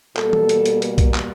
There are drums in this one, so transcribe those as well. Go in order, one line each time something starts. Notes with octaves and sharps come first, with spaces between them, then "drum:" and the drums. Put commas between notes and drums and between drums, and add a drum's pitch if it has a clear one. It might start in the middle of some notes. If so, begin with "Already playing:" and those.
B2 G3 A#3 A4, drum: clap
drum: tom
drum: hi-hat
drum: hi-hat
A#4, drum: hi-hat
drum: kick B1, hi-hat
drum: clap